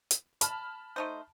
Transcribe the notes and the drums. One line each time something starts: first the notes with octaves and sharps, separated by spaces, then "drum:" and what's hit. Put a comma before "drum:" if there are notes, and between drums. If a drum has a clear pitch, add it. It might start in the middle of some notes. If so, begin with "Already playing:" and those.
drum: hi-hat
A5 B5 F6, drum: hi-hat
A3 D#4 C5